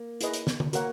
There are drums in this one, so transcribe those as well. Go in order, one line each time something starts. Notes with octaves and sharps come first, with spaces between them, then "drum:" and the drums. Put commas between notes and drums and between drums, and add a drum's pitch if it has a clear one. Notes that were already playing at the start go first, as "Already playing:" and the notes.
Already playing: A#3
E4 G#4 B4 D#5, drum: hi-hat
drum: hi-hat
drum: snare
drum: tom D3
A#3 F#4 A#4 C#5 F#5, drum: hi-hat